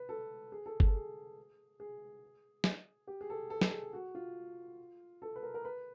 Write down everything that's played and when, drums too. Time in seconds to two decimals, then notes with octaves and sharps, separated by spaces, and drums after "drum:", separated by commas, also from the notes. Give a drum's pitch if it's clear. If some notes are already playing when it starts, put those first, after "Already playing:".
Already playing: B4
0.09 A4
0.52 G#4
0.66 A4
0.80 G#4, drum: kick G1
0.87 A4
0.94 G#4
1.80 G#4
2.64 drum: snare
3.07 G4
3.21 G#4
3.30 A4
3.50 A4
3.61 drum: snare
3.72 G#4
3.93 F#4
4.15 F4
5.22 A4
5.36 B4
5.43 A#4
5.54 A#4
5.65 B4